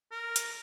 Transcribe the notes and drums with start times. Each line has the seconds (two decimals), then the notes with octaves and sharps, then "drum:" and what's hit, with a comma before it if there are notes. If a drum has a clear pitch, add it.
0.11 A#4
0.36 drum: hi-hat